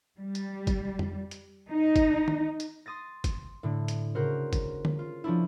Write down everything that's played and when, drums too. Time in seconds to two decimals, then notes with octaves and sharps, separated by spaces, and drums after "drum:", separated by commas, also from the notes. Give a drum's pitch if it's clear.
0.19 G3
0.35 drum: hi-hat
0.67 drum: kick G1, hi-hat
0.99 drum: tom F2
1.31 drum: hi-hat
1.70 D#4
1.96 drum: kick G1, hi-hat
2.28 drum: tom D#3
2.60 drum: hi-hat
2.86 C6 D#6 A6 A#6
3.24 drum: kick G1, hi-hat
3.63 A2 D3
3.88 drum: hi-hat
4.15 C#3 F#4 A#4 C5
4.53 drum: kick G1, hi-hat
4.85 drum: tom D3
4.99 F4
5.24 F3 C#4 D4 E4